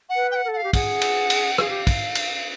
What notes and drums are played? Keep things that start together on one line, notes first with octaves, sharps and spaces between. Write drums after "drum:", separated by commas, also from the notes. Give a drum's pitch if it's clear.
F#5
B4
G5
F#5
A#4
A4 F#5
F5
G4
G#4 F#5, drum: kick, cymbal
drum: cymbal
drum: cymbal
G#4 F5, drum: rim click
G4
drum: kick, cymbal
drum: cymbal